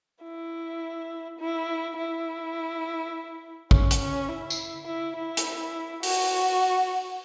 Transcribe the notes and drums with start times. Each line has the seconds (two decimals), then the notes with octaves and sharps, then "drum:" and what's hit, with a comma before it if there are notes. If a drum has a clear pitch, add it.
0.23 E4
1.39 E4
1.97 E4
3.71 C#4, drum: kick
3.91 drum: hi-hat
4.00 C#4
4.29 E4
4.50 drum: tambourine
4.87 E4
5.16 E4
5.37 drum: hi-hat
6.03 F#4, drum: open hi-hat